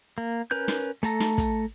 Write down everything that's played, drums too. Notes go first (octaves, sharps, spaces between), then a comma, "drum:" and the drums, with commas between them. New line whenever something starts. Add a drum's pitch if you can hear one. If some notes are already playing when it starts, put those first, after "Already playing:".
A#3
C#4 A#4 B4 G6
drum: snare
A3 A4 A#5, drum: hi-hat
drum: snare
drum: kick, hi-hat